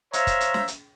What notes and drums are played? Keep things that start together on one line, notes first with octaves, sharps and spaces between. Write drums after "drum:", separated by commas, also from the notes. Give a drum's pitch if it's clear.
C5 C#5 E5 F5 A#5, drum: hi-hat
drum: kick, hi-hat
drum: hi-hat
drum: snare
drum: hi-hat